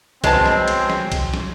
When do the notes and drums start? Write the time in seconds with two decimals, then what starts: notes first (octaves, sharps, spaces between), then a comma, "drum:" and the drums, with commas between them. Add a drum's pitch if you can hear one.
0.24 F#3 G#3 B3 C4 A5, drum: kick B1, cymbal
0.46 drum: snare
0.68 drum: cymbal
0.90 drum: snare
1.12 drum: kick B1, cymbal
1.34 drum: snare